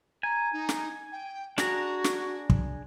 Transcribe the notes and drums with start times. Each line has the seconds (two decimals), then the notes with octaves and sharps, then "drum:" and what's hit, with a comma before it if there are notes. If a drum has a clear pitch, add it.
0.23 G#5 A#5
0.52 D#4
0.69 drum: snare
1.12 G5
1.58 D4 F#4 G#4 A#5, drum: snare
2.04 drum: snare
2.50 drum: kick